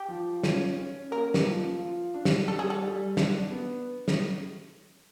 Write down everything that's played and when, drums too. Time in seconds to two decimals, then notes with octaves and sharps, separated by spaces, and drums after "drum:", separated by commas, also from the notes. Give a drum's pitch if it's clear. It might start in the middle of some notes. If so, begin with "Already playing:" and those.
Already playing: G4
0.08 F3
0.43 C#4, drum: snare
0.77 C#4
1.11 A#3 A#4
1.34 drum: snare
1.46 F3
1.79 F4
2.14 D4
2.25 drum: snare
2.48 G3 A4
2.59 G#4
2.70 A4
2.82 G3
3.17 D4, drum: snare
3.51 B3
4.08 drum: snare